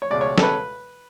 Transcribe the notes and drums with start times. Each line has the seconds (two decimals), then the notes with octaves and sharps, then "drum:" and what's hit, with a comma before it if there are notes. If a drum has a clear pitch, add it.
0.02 C#5
0.10 C#2 B2 G#3 D5
0.21 C#5
0.38 A4, drum: snare
0.42 B4